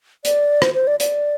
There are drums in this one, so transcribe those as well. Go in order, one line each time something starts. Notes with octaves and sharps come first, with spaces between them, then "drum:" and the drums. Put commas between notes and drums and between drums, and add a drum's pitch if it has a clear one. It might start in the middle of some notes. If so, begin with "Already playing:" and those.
D5, drum: hi-hat
C5, drum: rim click
C5
D5
D5, drum: hi-hat